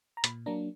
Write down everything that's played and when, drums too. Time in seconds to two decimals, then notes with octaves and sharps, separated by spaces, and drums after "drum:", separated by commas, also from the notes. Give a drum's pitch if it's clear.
0.17 A#5
0.24 A#2 B5, drum: hi-hat
0.46 F#3 A#3 D4 A#5